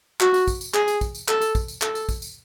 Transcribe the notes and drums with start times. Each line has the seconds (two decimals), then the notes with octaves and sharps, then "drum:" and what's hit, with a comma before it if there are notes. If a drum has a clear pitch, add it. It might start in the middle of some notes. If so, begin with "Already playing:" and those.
0.20 F#4, drum: clap
0.34 drum: tambourine
0.48 drum: kick, tambourine
0.61 drum: tambourine
0.74 G#4, drum: clap
0.88 drum: tambourine
1.01 drum: kick, tambourine
1.15 drum: tambourine
1.28 A4, drum: clap
1.41 drum: tambourine
1.55 drum: kick, tambourine
1.68 drum: tambourine
1.82 A4, drum: clap
1.95 drum: tambourine
2.09 drum: kick, tambourine
2.22 drum: tambourine